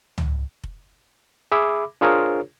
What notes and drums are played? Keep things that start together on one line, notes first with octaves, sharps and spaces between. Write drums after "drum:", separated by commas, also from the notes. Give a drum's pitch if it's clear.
drum: tom C#2
drum: kick F1
G#4 E5 B5 D6
D4 F4 G#4 A#4 C5 C#5